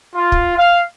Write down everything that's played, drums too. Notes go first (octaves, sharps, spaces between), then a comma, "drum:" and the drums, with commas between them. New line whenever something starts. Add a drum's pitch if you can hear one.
F4
drum: kick
F5